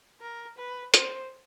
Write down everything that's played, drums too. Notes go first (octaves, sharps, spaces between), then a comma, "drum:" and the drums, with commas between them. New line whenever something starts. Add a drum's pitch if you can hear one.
A#4
B4
C5, drum: hi-hat